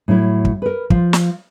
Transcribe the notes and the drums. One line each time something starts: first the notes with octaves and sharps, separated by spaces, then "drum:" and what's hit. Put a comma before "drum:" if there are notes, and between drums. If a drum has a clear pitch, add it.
A2 F#3 E4
drum: kick
A#4 B4
F3 F4, drum: kick
drum: snare